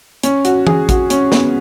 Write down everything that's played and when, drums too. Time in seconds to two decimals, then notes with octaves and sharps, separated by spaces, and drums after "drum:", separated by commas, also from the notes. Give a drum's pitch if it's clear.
0.23 C#4, drum: hi-hat
0.45 F#4, drum: hi-hat
0.67 G#4, drum: tom E3
0.89 F#4, drum: kick A1, hi-hat
1.10 C#4, drum: hi-hat
1.32 B3, drum: snare